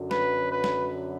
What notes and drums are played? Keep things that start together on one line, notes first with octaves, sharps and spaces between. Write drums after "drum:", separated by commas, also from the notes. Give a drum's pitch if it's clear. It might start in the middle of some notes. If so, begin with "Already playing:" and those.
Already playing: F#2 D3 F#3
B4, drum: snare
B4
drum: snare